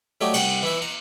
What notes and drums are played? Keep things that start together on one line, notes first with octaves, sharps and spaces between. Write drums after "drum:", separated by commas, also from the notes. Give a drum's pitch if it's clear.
F#3 A3 D#4 G4 C#5 D5
C2 F#5 G5, drum: cymbal
E3 E4 E5
A#5